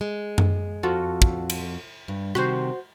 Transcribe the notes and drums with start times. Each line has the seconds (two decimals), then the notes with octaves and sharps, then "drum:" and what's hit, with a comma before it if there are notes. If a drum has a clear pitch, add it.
0.01 G#3
0.38 drum: tom F#2
0.83 F2 F4 F#4 A4
1.22 drum: kick
1.50 drum: cymbal
2.08 G2
2.35 C3 D#3 F#4 C5, drum: rim click